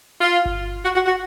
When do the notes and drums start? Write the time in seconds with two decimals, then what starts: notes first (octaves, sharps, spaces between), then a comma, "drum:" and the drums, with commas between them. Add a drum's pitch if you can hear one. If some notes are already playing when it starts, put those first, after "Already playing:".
0.21 F4
0.46 drum: kick G1
0.85 F#4
0.95 F#4
1.06 F#4